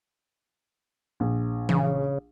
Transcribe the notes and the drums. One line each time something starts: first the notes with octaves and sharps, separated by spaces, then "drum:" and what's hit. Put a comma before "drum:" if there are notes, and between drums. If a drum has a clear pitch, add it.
A#1
C#3, drum: tom E3